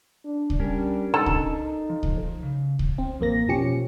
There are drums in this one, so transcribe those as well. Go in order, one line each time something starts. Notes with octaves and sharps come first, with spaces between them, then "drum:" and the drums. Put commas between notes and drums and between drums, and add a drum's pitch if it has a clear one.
D4
drum: kick C2
G3 C#4 D4 A#4
D#4 A4 A#5
drum: kick C2
F3
drum: kick C2
C#3
drum: kick C2
C4
A1 F2 A#3 A#6
B2 F3 C#4 G4 C#7